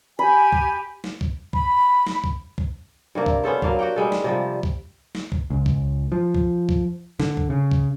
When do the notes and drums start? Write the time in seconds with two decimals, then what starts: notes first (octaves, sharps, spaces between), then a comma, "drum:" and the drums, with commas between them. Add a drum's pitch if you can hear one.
0.19 G4 G#5 B5
0.52 drum: kick
1.04 drum: snare
1.21 drum: kick
1.53 B5, drum: kick
2.07 drum: snare
2.24 drum: kick
2.58 drum: kick
3.15 G2 C3 A#3 D4
3.26 drum: kick
3.44 B3 C#4 A4 C5
3.62 F#3 A#3 D4 F5, drum: kick
3.79 F#4 G4 F#5 G5
3.96 G3 G#3 A4
4.12 drum: snare
4.24 C3 F3 G3
4.63 drum: kick
5.15 drum: snare
5.32 drum: kick
5.50 C#2
5.66 drum: kick
6.12 F3
6.35 drum: kick
6.69 drum: kick
7.20 D3, drum: snare
7.37 drum: kick
7.50 C#3
7.72 drum: kick